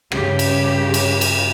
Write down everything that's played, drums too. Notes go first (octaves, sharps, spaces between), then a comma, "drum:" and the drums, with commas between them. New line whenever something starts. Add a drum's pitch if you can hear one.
G2 C#3 G4, drum: rim click
drum: cymbal
drum: cymbal
drum: cymbal